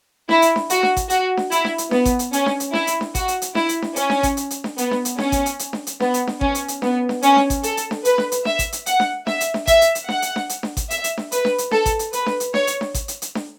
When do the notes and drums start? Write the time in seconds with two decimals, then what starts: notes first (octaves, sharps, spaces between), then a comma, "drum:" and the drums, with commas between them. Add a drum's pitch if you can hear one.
0.29 E4, drum: snare D4
0.42 drum: hi-hat
0.56 drum: snare D4
0.70 F#4, drum: hi-hat
0.83 drum: snare D4
0.97 drum: kick G#1, hi-hat
1.10 F#4, drum: hi-hat
1.37 drum: snare D4
1.52 E4, drum: hi-hat
1.65 drum: snare D4
1.78 drum: hi-hat
1.91 B3, drum: snare D4
2.05 drum: kick G#1, hi-hat
2.19 drum: hi-hat
2.33 C#4, drum: hi-hat
2.46 drum: snare D4
2.60 drum: hi-hat
2.73 E4, drum: snare D4
2.87 drum: hi-hat
3.01 drum: snare D4
3.15 F#4, drum: kick G#1, hi-hat
3.28 drum: hi-hat
3.42 drum: hi-hat
3.55 E4, drum: snare D4
3.69 drum: hi-hat
3.82 drum: snare D4
3.96 C#4, drum: hi-hat
4.10 drum: snare D4
4.23 drum: kick G#1, hi-hat
4.37 drum: hi-hat
4.50 drum: hi-hat
4.64 drum: snare D4
4.78 B3, drum: hi-hat
4.91 drum: snare D4
5.05 drum: hi-hat
5.18 C#4, drum: snare D4
5.32 drum: kick G#1, hi-hat
5.46 drum: hi-hat
5.59 drum: hi-hat
5.73 drum: snare D4
5.87 drum: hi-hat
6.00 B3, drum: snare D4
6.14 drum: hi-hat
6.27 drum: snare D4
6.41 C#4, drum: kick G#1
6.55 drum: hi-hat
6.68 drum: hi-hat
6.82 B3, drum: snare D4
7.09 drum: snare D4
7.22 C#4, drum: hi-hat
7.36 drum: snare D4
7.50 drum: kick G#1, hi-hat
7.63 A4, drum: hi-hat
7.77 drum: hi-hat
7.91 drum: snare D4
8.05 B4, drum: hi-hat
8.18 drum: snare D4
8.32 drum: hi-hat
8.45 E5, drum: snare D4
8.59 drum: kick G#1, hi-hat
8.72 drum: hi-hat
8.86 F#5, drum: hi-hat
9.00 drum: snare D4
9.27 E5, drum: snare D4
9.41 drum: hi-hat
9.54 drum: snare D4
9.67 E5, drum: kick G#1, hi-hat
9.81 drum: hi-hat
9.95 drum: hi-hat
10.09 F#5, drum: snare D4
10.22 drum: hi-hat
10.36 drum: snare D4
10.49 drum: hi-hat
10.63 drum: snare D4
10.77 drum: kick G#1, hi-hat
10.90 E5, drum: hi-hat
11.04 drum: hi-hat
11.17 drum: snare D4
11.32 B4, drum: hi-hat
11.45 drum: snare D4
11.58 drum: hi-hat
11.71 A4, drum: snare D4
11.86 drum: kick G#1, hi-hat
11.99 drum: hi-hat
12.13 B4, drum: hi-hat
12.26 drum: snare D4
12.40 drum: hi-hat
12.54 C#5, drum: snare D4
12.67 drum: hi-hat
12.81 drum: snare D4
12.94 drum: kick G#1, hi-hat
13.08 drum: hi-hat
13.22 drum: hi-hat
13.35 drum: snare D4